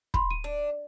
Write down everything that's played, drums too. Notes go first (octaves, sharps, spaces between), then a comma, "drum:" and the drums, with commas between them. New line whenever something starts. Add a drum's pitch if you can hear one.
B5 C6, drum: kick
D#7
D4